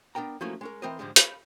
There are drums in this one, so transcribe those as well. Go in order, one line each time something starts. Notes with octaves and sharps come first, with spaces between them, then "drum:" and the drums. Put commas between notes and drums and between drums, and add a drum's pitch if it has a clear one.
B3 D4 A#4 G5 A#5
F3 F#3 A3 A#3 C#4 E4
G#3 C#4 A#4
E3 C4 A#4 C5 D#5
G#2 D3 F3 G3 G#3
F5 B5, drum: hi-hat